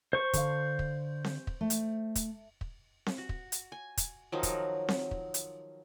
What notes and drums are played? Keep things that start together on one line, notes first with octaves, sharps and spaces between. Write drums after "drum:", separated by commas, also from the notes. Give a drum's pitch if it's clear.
C5 C#6
D3 F5, drum: kick, hi-hat
drum: kick
drum: snare C4
drum: kick
A3
drum: hi-hat
drum: kick, hi-hat
drum: kick
drum: snare C4
F#4
drum: kick
drum: hi-hat
G#5
drum: kick, hi-hat
D#3 F3 F#3
drum: kick, hi-hat
drum: snare C4
drum: kick
drum: hi-hat